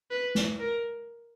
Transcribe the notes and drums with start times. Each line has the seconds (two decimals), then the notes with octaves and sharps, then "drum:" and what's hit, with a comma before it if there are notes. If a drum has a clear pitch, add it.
0.11 B4
0.35 drum: snare
0.59 A#4